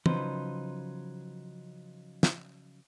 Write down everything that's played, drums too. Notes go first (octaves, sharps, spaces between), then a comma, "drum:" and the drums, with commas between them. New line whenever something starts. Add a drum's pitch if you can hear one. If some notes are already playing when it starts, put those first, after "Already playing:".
C#3 F3 F#3 D#4 B4 C5, drum: tom
drum: snare